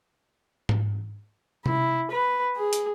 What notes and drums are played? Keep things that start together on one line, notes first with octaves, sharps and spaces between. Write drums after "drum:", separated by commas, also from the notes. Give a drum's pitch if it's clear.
drum: tom G#2
E4, drum: tom C3
B4
G#4
drum: hi-hat